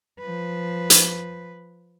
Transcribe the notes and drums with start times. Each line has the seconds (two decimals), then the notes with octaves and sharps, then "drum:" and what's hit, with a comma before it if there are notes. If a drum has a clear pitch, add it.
0.20 F3 B4
0.90 drum: hi-hat